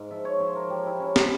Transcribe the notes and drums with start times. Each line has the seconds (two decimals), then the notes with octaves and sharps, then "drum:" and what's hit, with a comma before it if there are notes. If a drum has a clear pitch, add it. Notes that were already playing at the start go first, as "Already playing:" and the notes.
Already playing: G#2 F5
0.11 F3 E5
0.25 C#5
0.40 F3 C5
0.56 A#4
0.70 F3 G4
0.86 E4
1.00 F3 C#4
1.16 E4, drum: snare